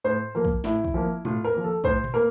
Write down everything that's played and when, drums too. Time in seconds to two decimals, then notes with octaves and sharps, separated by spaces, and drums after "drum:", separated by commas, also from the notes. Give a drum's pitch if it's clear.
0.04 A2 C5
0.35 F3 A#3 A#4
0.45 drum: kick
0.64 A2 E4, drum: snare
0.85 drum: kick
0.94 F3 A#3
1.25 A2 F4, drum: tom A#2
1.44 A#4
1.54 F3 A#3
1.64 A4
1.84 A2 C5, drum: kick
2.04 drum: tom A#2
2.14 A#3 A#4